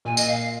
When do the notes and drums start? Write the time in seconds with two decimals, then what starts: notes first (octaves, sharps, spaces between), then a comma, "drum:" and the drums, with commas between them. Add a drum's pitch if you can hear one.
0.05 A#2 G#5
0.17 D#5, drum: tambourine
0.28 F5